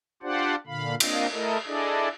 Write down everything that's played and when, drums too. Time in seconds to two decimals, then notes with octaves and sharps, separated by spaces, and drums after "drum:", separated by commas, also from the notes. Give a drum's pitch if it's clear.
0.23 D4 F4 G4 C5 D5 F#5
0.66 A#2 D3 F5 B5
1.00 A#3 C4 D4 F4 D#5, drum: cymbal
1.33 A3 E4 A4 A#4 D#5
1.66 D4 E4 G#4 A4 D5 D#5